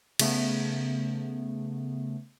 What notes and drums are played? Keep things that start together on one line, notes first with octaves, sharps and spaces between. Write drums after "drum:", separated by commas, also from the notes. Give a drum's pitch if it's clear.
C#3 A3 B3, drum: cymbal